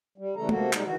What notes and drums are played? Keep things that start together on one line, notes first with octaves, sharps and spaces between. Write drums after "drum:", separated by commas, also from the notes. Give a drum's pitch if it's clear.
G3
C#3 E3 G3 A3 A4 A#5
C3 A#3 F#4 A4, drum: tom
G3 G#3 D#4, drum: clap
D#3 E3 F#4